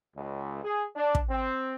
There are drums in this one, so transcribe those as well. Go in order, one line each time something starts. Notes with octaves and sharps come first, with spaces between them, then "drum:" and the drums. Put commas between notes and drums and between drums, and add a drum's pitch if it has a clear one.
C#2
G#4
D4
drum: kick
C4